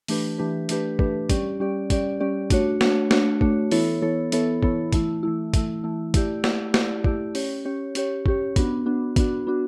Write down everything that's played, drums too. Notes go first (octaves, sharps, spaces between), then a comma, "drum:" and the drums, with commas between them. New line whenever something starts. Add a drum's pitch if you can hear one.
E3 A3 D4 G4 B4, drum: open hi-hat
E3 A3 D4 G4 B4
E3 A3 D4 G4 B4, drum: hi-hat
E3 A3 D4 G4 B4, drum: kick
G3 C#4 G4 D5, drum: kick, hi-hat
G3 C#4 G4 D5
G3 C#4 G4 D5, drum: kick, hi-hat
G3 C#4 G4 D5
A3 D4 F#4 C#5, drum: kick, hi-hat
A3 D4 F#4 C#5, drum: snare
A3 D4 F#4 C#5, drum: snare
A3 D4 F#4 C#5, drum: kick
E3 B3 E4 A4 C#5, drum: open hi-hat
E3 B3 E4 A4 C#5
E3 B3 E4 A4 C#5, drum: hi-hat
E3 B3 E4 A4 C#5, drum: kick
E3 A3 E4, drum: kick, hi-hat
E3 A3 E4
E3 A3 E4, drum: kick, hi-hat
E3 A3 E4
A3 E4 G4 D5, drum: kick, hi-hat
A3 E4 G4 D5, drum: snare
A3 E4 G4 D5, drum: snare
A3 E4 G4 D5, drum: kick
C#4 G4 C#5, drum: open hi-hat
C#4 G4 C#5
C#4 G4 C#5, drum: hi-hat
C#4 G4 C#5, drum: kick
B3 D4 F#4, drum: kick, hi-hat
B3 D4 F#4
B3 D4 F#4, drum: kick, hi-hat
B3 D4 F#4